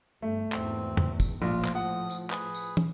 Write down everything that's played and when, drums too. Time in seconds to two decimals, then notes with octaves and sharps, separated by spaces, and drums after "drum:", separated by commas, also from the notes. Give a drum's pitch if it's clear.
0.22 G1 A3
0.52 G#1 E2 C4, drum: clap
0.97 drum: tom E2
1.20 drum: kick, tambourine
1.42 A#1 A2 F3 F4
1.65 drum: clap
1.75 F#5 D#6
2.10 drum: tambourine
2.30 G#4 B4, drum: clap
2.55 drum: tambourine
2.77 drum: tom